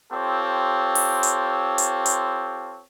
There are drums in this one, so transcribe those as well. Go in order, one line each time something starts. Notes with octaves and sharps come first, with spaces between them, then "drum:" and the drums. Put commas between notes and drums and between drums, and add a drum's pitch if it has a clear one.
C4 F4 G4 A4 C#5
drum: open hi-hat
drum: hi-hat
drum: hi-hat
drum: hi-hat